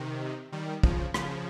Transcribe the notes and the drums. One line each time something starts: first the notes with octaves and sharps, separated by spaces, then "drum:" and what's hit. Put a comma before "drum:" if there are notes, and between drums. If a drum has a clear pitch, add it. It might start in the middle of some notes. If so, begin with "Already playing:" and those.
Already playing: C3 D#3
D#3 G3
C#3 F3, drum: kick
C#3 F3, drum: rim click